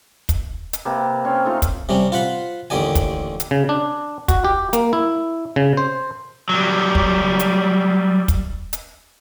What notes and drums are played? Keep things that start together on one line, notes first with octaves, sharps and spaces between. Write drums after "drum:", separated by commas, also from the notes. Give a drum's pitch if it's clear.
drum: kick, hi-hat
drum: hi-hat
C3 A#3 B4 A5
C4 C#4 F5
A3 D#4 F4
drum: kick, hi-hat
C3 G3 C#4
F4 C5 F#5 B5
A1 D#2 D3 G4 D5 G#5
drum: kick, hi-hat
drum: hi-hat
C#3
D4
F#4, drum: kick, hi-hat
G4
A#3, drum: hi-hat
E4
C#3
C5
F#3 G3
drum: kick
drum: hi-hat
drum: kick, hi-hat
drum: hi-hat